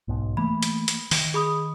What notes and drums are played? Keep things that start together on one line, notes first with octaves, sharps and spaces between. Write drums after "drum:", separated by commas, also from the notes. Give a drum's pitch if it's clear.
B1 G#2 B2
E3 A3 A#3 B5
drum: hi-hat
drum: hi-hat
D#3, drum: open hi-hat
G#4 B5 D#6